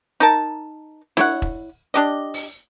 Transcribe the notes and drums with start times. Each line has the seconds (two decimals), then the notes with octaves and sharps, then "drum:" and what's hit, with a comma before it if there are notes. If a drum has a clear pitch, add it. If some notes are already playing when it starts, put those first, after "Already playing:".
0.20 D#4 A#4 A5
1.17 E4 C#5 F#5, drum: snare D4
1.42 drum: kick E1
1.94 D4 G4 D#5
2.34 drum: open hi-hat